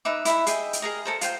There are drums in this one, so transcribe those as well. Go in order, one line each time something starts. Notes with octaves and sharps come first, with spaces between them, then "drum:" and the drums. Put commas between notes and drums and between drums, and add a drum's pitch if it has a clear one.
D#4 B4 E5 D6
E4 E5 B5, drum: hi-hat
G#4 D#5 E5 G5, drum: hi-hat
drum: hi-hat
G#4 A#4 D#5
A4 A#4 C5
F4 C5 G5, drum: hi-hat